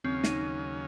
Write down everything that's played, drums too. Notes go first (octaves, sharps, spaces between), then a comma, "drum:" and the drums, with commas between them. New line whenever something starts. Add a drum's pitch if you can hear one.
D#2 C#3 F#3 C4 C#4
D#4, drum: snare